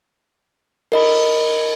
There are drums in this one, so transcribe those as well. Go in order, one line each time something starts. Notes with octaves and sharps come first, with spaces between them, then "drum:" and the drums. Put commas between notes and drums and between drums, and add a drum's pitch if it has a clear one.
A#4 D#5 B5, drum: cymbal